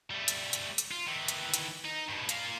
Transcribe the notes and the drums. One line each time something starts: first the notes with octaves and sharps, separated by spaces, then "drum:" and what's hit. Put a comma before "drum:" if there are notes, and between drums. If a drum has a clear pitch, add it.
G3 A3
drum: hi-hat
drum: hi-hat
drum: hi-hat
F4
D#3 E3
drum: hi-hat
drum: hi-hat
D#4
G2 B2
A#3 F4, drum: hi-hat